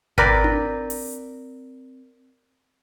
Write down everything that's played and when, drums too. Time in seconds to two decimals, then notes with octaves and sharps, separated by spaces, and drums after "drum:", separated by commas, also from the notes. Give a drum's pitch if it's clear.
0.18 C4 A#4 B4 D5, drum: kick G#1
0.44 drum: tom D4
0.90 drum: open hi-hat